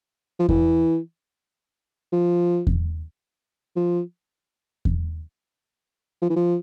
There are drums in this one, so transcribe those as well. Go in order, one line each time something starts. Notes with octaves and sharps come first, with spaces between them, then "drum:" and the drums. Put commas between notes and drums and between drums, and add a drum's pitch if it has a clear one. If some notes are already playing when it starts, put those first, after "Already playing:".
F3
E3, drum: kick E2
F3
drum: kick E2
F3
drum: kick E2
F3
E3
F3